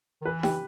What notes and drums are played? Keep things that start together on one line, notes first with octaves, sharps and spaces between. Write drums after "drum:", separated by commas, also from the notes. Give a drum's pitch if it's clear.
D#3
E3 B4
G4, drum: snare D#4